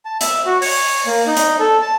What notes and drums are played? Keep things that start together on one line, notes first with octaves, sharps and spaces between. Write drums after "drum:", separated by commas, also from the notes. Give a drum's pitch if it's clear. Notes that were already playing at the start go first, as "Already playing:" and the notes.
A5
E5, drum: hi-hat
F#4
C#5, drum: open hi-hat
A#3
D#4
drum: hi-hat
A4
A5